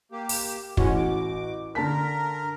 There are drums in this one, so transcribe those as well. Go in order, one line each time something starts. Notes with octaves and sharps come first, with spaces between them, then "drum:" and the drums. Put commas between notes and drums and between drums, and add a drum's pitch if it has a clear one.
A#3 G4
drum: open hi-hat
A1 G#3 B3 C#4 F#4, drum: kick
D6
D3 A#4 A5 B6